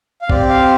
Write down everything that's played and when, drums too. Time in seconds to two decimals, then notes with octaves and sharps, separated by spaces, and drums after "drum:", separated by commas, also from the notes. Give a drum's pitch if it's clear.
0.22 F5
0.30 C4 G4 D5, drum: kick
0.49 F5